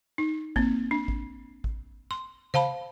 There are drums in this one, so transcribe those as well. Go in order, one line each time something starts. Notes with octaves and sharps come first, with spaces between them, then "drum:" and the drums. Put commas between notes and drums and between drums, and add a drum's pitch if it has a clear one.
D#4
A#3 C4, drum: kick A1
D4
drum: kick A1
drum: kick A1
C6
C5 F5 A5 B5, drum: tom C#3